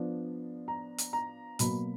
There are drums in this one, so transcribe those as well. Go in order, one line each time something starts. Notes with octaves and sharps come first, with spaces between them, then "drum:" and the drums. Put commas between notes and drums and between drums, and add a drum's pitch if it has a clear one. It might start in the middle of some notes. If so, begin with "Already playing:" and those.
Already playing: F3 B3 D4
A#5
drum: hi-hat
A#5
B2 F#3 A#3 B5, drum: hi-hat